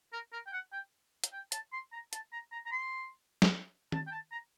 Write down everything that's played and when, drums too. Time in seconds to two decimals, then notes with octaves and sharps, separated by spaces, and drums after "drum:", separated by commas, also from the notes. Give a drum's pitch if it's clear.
0.12 A#4
0.32 A#4
0.46 G5
0.53 F#5
0.73 G5
1.24 drum: hi-hat
1.33 G5
1.52 A5, drum: hi-hat
1.73 C6
1.92 A#5
2.13 A5, drum: hi-hat
2.32 A#5
2.52 A#5
2.66 A#5
2.72 C6
3.42 drum: snare
3.92 A5, drum: tom D#3
4.07 G5
4.11 A5
4.32 A#5